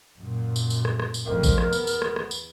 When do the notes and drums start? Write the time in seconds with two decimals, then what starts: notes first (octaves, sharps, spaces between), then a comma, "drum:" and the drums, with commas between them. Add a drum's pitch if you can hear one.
0.19 F#2 A#2
0.56 drum: tambourine
0.70 drum: tambourine
0.85 drum: rim click
1.00 drum: rim click
1.14 drum: tambourine
1.25 F1 F2 A#4
1.43 drum: kick, tambourine
1.58 drum: rim click
1.73 E2 B3, drum: tambourine
1.87 drum: tambourine
2.02 drum: rim click
2.16 drum: rim click
2.31 drum: tambourine